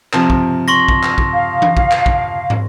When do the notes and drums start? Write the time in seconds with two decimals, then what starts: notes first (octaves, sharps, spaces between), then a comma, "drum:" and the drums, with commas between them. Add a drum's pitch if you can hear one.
0.13 C3 F3, drum: clap
0.30 drum: kick
0.68 C6 C#6 A#6
0.88 drum: kick
1.03 drum: clap
1.18 drum: kick
1.33 F5
1.62 drum: tom E3
1.77 drum: kick
1.91 drum: clap
2.06 drum: kick
2.50 drum: tom